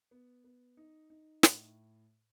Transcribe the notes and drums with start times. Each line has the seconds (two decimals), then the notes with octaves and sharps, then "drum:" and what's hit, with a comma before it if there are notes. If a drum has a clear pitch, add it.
0.11 B3
0.44 B3
0.77 D#4
1.10 D#4
1.43 A2, drum: snare